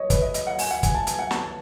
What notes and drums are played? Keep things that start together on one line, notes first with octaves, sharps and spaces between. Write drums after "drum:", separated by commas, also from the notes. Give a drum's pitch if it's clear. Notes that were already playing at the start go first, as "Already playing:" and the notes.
Already playing: C#5 D#5
B4, drum: kick, hi-hat
D#5
D#5, drum: hi-hat
F#5
G#5, drum: open hi-hat
F#5
G#5, drum: kick, hi-hat
A5
G#5, drum: hi-hat
F#5
A5, drum: snare
A5